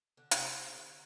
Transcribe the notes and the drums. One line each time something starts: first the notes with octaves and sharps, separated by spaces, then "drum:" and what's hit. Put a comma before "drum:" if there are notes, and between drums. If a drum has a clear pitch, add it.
D3
C3, drum: hi-hat
D3